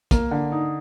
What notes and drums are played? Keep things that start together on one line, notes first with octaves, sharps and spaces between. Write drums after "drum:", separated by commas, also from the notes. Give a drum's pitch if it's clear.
A#3, drum: kick, hi-hat
D3
D#4